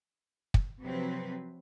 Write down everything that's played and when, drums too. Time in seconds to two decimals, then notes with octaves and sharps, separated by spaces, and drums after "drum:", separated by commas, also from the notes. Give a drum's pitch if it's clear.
0.54 drum: kick
0.81 C3 F3 F#3 C4 B4